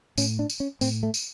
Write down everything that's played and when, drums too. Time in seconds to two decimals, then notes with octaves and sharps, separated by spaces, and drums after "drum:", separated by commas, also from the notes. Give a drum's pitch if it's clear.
0.18 A2 C#4, drum: tambourine
0.39 D4
0.50 drum: tambourine
0.60 C#4
0.81 A2 C4, drum: tambourine
1.03 A3
1.14 drum: tambourine